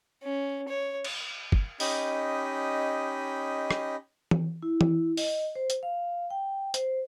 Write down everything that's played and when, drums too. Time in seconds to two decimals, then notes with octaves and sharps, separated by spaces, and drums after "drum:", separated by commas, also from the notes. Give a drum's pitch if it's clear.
0.23 C#4
0.68 C#5
1.05 drum: cymbal
1.52 drum: kick
1.80 C#4 D#4 G4 D#5 B5, drum: open hi-hat
3.71 drum: rim click
4.31 drum: tom E3
4.62 E4
4.81 drum: tom E3
5.17 D#5, drum: open hi-hat
5.55 C5
5.70 drum: hi-hat
5.83 F5
6.30 G5
6.74 C5, drum: hi-hat